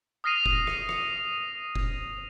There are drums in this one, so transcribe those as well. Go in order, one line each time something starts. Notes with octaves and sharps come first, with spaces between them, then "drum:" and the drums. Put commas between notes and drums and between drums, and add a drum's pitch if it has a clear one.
D#6 F6 A#6 C7 D#7 F7
drum: kick F1
drum: rim click
drum: rim click
drum: kick F1